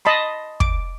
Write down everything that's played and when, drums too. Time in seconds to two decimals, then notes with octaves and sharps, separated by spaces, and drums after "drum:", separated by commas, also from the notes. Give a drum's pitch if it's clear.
0.05 D#5 A5 B5 C6
0.60 D6, drum: kick